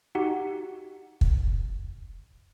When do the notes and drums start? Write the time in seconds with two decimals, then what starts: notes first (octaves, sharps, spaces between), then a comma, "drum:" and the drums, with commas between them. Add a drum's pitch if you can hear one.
0.15 D#4 F#4 G4 F#5
1.21 drum: kick